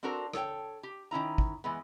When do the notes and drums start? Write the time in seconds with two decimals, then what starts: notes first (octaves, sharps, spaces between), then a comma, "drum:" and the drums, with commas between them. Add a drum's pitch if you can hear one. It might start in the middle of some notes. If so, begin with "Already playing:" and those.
0.03 C4 D4 F#4 A4 A#4 C5
0.33 A4 C#5 G5, drum: rim click
0.83 G4
1.11 D#3 C#4 E4 A#5
1.38 drum: kick
1.64 E3 G#3 B3